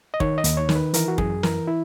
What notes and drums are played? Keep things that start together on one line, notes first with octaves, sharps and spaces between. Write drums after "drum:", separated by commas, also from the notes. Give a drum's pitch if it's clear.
D#5
D#3 C#5, drum: kick
D#5
D#2, drum: hi-hat
C#5
D#3, drum: snare
B4
E3 A#4, drum: hi-hat
F#4
F#2 G#4, drum: kick
E3 A#4, drum: snare
E4